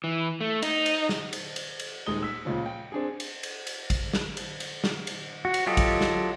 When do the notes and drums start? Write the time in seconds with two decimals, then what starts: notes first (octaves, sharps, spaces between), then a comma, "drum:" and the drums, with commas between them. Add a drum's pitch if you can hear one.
0.04 E3
0.41 A3
0.62 D#4, drum: cymbal
0.86 drum: cymbal
1.09 drum: snare
1.33 drum: cymbal
1.56 drum: cymbal
1.79 drum: cymbal
2.06 D#1 G#3 D#4 D#6 G7
2.22 E6 B6
2.45 C#2 A#2 C#3 F3
2.66 G5
2.92 C4 D4 G#4
3.20 drum: cymbal
3.43 drum: cymbal
3.67 drum: cymbal
3.90 drum: kick A1, cymbal
4.13 drum: snare
4.37 drum: cymbal
4.60 drum: cymbal
4.84 drum: snare
5.07 drum: cymbal
5.45 F#4
5.54 drum: cymbal
5.66 F#3 F4 G4 A4 D#5
5.77 drum: kick A1, cymbal
6.01 drum: snare